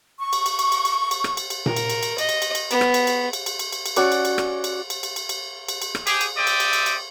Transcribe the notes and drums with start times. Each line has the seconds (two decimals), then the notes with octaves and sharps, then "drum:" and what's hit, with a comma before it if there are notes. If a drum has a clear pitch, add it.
0.20 C#6
0.33 drum: cymbal
0.46 drum: cymbal
0.59 drum: cymbal
0.72 drum: cymbal
0.85 drum: cymbal
1.11 drum: cymbal
1.24 drum: rim click
1.37 drum: cymbal
1.50 drum: cymbal
1.66 A#4, drum: tom A#2
1.76 drum: cymbal
1.90 drum: cymbal
2.03 drum: cymbal
2.18 D#5, drum: cymbal
2.29 drum: cymbal
2.42 drum: cymbal
2.55 drum: cymbal
2.71 B3, drum: cymbal
2.81 drum: rim click
2.94 drum: cymbal
3.07 drum: cymbal
3.33 drum: cymbal
3.46 drum: cymbal
3.59 drum: cymbal
3.72 drum: cymbal
3.86 drum: cymbal
3.96 C#4 F#4 D5 C#6, drum: cymbal
4.12 drum: cymbal
4.25 drum: cymbal
4.38 drum: rim click
4.64 drum: cymbal
4.90 drum: cymbal
5.03 drum: cymbal
5.16 drum: cymbal
5.29 drum: cymbal
5.68 drum: cymbal
5.82 drum: cymbal
5.95 drum: rim click
6.07 G4 G#4, drum: cymbal
6.21 drum: cymbal
6.38 C4 D5 E5 G5 D#6
6.47 drum: cymbal
6.60 drum: cymbal
6.73 drum: cymbal
6.86 drum: cymbal